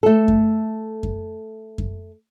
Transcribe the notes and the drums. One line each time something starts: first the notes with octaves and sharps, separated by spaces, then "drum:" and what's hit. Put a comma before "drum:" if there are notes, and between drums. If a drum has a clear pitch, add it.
A3 A4
drum: kick F#2
drum: kick F#2
drum: kick F#2